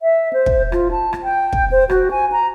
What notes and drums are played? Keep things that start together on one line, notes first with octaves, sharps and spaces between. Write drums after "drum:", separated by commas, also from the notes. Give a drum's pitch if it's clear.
E5
C5
drum: kick
F4, drum: rim click
A5
drum: rim click
G5
drum: kick
C5
F#4, drum: rim click
G#5
A#5